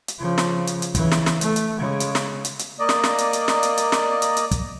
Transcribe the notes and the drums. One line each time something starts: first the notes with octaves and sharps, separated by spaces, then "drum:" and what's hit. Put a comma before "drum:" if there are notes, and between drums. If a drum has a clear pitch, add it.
drum: hi-hat
C#3 F3
drum: snare
drum: hi-hat
drum: hi-hat
C#3 E3, drum: kick, hi-hat
drum: snare
drum: snare
A3, drum: hi-hat
drum: hi-hat
C#3 G#3
drum: hi-hat
drum: snare
drum: hi-hat
drum: hi-hat
A#3 D5 D#5
drum: snare
drum: snare
drum: hi-hat
drum: hi-hat
drum: snare
drum: hi-hat
drum: hi-hat
drum: snare
drum: hi-hat
drum: hi-hat
drum: kick, hi-hat